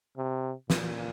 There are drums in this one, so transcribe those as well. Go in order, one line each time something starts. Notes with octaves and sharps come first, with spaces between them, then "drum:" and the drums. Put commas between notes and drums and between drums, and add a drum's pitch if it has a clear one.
C3
A#2, drum: snare